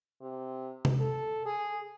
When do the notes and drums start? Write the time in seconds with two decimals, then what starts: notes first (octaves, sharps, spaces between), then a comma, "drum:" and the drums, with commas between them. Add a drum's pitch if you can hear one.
0.21 C3
0.85 drum: tom C3
1.00 A4
1.46 G#4